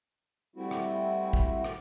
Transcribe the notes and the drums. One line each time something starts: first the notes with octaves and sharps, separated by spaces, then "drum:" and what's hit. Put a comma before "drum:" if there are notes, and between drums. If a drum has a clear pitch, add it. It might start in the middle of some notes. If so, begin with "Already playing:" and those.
G3 A3 C4 E4 F#4
drum: rim click
drum: kick
drum: rim click